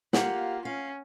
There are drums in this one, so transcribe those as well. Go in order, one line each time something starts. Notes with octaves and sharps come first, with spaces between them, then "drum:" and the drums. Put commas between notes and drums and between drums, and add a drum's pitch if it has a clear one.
A#3 F4 G4 F#5, drum: snare
C#4 F5